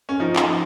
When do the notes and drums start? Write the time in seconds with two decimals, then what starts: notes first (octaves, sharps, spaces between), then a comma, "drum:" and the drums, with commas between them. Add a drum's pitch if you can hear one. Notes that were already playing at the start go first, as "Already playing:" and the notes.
0.09 C#4
0.20 F3 D#4
0.36 drum: clap